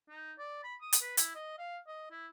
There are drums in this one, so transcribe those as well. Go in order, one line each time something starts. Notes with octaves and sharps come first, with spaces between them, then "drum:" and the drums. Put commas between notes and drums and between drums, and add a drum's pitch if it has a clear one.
D#4
D5
B5
D#6
drum: hi-hat
B4
E4, drum: hi-hat
D#5
F5
D#5
E4